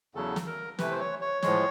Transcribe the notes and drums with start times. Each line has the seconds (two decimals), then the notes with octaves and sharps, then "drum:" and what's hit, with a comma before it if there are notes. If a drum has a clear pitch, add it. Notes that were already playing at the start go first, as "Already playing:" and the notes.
0.15 E2 C#3 F#3 A4
0.36 drum: snare
0.47 A#4
0.79 C3 E3 A3 B4, drum: snare
0.91 C5
1.00 C#5
1.21 C#5
1.43 A2 F3 G#3, drum: snare